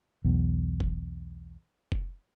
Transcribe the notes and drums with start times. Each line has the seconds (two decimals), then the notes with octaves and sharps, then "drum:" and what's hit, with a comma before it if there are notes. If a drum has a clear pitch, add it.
0.25 B1 E2
0.80 drum: kick F1
1.92 drum: kick F1